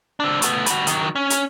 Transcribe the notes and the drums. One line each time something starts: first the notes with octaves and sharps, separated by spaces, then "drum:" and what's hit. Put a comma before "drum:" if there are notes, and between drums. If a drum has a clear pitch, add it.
C4 D4
A3 B3, drum: hi-hat
G3 F#4, drum: hi-hat
D#3 F#3, drum: hi-hat
C#4
drum: hi-hat